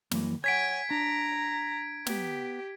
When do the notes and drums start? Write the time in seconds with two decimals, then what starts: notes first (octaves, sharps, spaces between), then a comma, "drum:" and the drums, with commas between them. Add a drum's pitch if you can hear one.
0.11 F#2 E3 A#3, drum: snare
0.44 C#5 F#5 G#5 G#6 B6 D7
0.91 D4 A#5
2.06 B3 G4, drum: snare